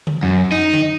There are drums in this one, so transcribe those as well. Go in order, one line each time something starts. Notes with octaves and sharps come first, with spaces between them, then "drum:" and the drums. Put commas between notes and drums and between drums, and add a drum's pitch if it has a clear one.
drum: tom D3
F#2
D#4
drum: tom D3